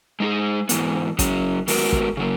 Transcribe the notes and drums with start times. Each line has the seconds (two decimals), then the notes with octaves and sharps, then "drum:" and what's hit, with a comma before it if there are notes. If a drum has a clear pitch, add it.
0.20 G#3 D#4 G#4
0.69 G#2 E3 B3, drum: hi-hat
1.19 F#2 C#3 F#3 C#4, drum: kick, hi-hat
1.68 D#3 G#3 B3 F#4 A#4, drum: open hi-hat
1.93 drum: kick
2.17 C#3 F#3 A#3